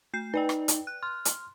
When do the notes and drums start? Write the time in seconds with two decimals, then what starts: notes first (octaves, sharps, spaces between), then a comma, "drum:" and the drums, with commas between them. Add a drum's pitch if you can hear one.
0.13 A3 G6 C7
0.34 D#4 B4 D5 G5
0.49 drum: rim click
0.68 drum: hi-hat
0.87 F#6
1.03 C6 F6
1.25 drum: hi-hat